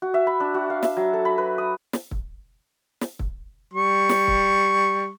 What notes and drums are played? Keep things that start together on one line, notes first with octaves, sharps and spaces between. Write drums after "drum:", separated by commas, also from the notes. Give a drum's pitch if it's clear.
F#4
E5
B5
D4
F#4
F5
E5, drum: snare
F#3
A4
B5
B4
D#6
drum: snare
drum: kick
drum: snare
drum: kick
G3 C#6
drum: snare
drum: kick